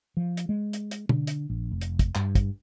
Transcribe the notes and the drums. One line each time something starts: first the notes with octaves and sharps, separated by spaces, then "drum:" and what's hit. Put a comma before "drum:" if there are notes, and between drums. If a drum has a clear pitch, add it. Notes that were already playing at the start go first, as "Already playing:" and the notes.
F3
drum: hi-hat
G#3
drum: hi-hat
drum: hi-hat
D3, drum: tom
drum: hi-hat
A#1
F1
drum: hi-hat
drum: kick, hi-hat
G2, drum: clap
drum: kick, hi-hat